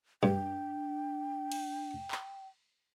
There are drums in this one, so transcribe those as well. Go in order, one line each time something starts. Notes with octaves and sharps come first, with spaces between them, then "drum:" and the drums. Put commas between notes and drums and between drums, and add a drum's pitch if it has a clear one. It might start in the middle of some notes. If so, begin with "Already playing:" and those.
G2 D4 G5, drum: tom
drum: cymbal
drum: clap